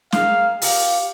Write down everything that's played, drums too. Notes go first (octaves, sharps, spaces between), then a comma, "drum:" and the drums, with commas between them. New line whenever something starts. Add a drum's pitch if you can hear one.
G#3 A#3 F5 G5, drum: snare
A#3 F4 G4, drum: open hi-hat